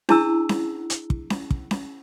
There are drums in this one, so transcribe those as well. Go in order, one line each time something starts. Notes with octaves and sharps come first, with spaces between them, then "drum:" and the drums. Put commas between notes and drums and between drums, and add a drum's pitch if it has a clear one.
D4 E4 G#4 A5 A#5 E6, drum: snare C#4
drum: snare C#4
drum: hi-hat
drum: kick
drum: snare C#4
drum: kick
drum: snare C#4